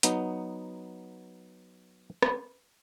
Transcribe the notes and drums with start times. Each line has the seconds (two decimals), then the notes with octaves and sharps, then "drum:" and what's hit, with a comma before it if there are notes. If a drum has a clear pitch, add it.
0.03 F#3 B3 D#4, drum: hi-hat
2.22 drum: rim click